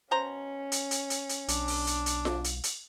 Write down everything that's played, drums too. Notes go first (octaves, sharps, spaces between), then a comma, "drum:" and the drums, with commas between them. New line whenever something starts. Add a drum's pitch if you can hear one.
B2 C#4 C5 A#5
drum: hi-hat
drum: hi-hat
drum: hi-hat
drum: hi-hat
B1 D4, drum: hi-hat
drum: open hi-hat
drum: hi-hat
drum: hi-hat
drum: snare F4
drum: hi-hat
drum: hi-hat